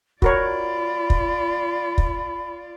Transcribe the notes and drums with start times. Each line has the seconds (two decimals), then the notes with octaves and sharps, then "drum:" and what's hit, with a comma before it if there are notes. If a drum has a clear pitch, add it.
0.22 F4 F#4 A#4 C#5 D5 B5, drum: kick
1.10 drum: kick
1.98 drum: kick